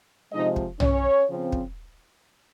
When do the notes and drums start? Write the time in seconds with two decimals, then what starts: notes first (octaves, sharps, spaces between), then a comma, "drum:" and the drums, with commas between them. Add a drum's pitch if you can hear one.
0.32 C3 F3 G#3 D#4 D#5
0.56 drum: kick
0.80 C#4 C#5, drum: tom B1
1.28 C#3 F3 C4
1.52 drum: kick